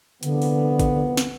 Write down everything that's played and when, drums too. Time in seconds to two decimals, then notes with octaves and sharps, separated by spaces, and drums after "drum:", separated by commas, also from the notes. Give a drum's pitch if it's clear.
0.23 C2 D3 F3 B3, drum: hi-hat
0.42 drum: open hi-hat
0.80 drum: kick G#1, hi-hat
1.17 drum: snare